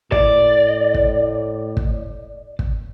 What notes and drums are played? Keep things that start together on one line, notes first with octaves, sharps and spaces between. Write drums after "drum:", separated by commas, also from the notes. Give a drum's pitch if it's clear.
A2 D5, drum: kick
drum: kick
drum: kick
drum: kick